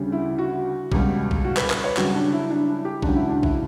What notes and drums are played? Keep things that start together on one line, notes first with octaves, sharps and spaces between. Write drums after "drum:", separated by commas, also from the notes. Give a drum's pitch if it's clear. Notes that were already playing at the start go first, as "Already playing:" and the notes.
Already playing: D2 C#3 G3
E4
F#4
C#2 B2 G3, drum: kick A#1
drum: kick A#1
F#4
B4, drum: clap
B4, drum: clap
C#5
F#2 C#3 G3 F#4, drum: clap
D4
E4
D4
E4
G4
C#2 C#3 F#3 D4, drum: kick A#1
E4
D4
E4, drum: kick A#1